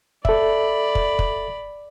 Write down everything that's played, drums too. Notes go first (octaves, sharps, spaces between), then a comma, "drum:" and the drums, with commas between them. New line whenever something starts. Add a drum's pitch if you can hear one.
A4 D5 E5 B5, drum: kick
drum: kick
drum: kick